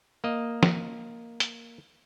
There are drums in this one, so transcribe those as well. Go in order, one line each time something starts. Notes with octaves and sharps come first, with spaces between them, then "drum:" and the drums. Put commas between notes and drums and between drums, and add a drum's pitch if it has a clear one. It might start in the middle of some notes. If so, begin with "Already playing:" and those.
A#3 D#5
drum: snare
drum: hi-hat